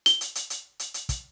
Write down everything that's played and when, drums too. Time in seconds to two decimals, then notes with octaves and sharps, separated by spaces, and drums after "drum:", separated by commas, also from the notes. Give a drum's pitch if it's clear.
0.06 G7, drum: hi-hat
0.21 drum: hi-hat
0.35 drum: hi-hat
0.50 drum: hi-hat
0.79 drum: hi-hat
0.94 drum: hi-hat
1.09 drum: kick, hi-hat